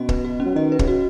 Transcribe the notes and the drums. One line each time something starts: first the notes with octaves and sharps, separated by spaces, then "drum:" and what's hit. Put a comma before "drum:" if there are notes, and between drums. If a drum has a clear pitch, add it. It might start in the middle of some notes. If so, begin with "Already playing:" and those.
Already playing: B2 C#4 F#4 D#5
B4, drum: kick
F#4
C#4
F#3
D#3 D#5
B4
C#3, drum: kick
F#4